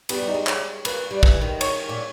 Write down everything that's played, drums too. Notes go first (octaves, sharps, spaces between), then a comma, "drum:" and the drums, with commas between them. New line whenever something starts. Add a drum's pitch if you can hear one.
G3 B3, drum: cymbal
G3
D#4
G#3
C#5, drum: clap
A#3 B4, drum: cymbal
G3
E3, drum: kick
D#3
C#5, drum: cymbal
A#2